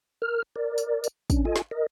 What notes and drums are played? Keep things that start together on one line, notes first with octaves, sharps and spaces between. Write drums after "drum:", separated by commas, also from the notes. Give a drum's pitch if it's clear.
A#4 F6
A#4 D5
drum: tambourine
drum: tambourine
C#4 D4, drum: kick, tambourine
F4 A4 D#5 G#5
drum: snare
A#4 D#5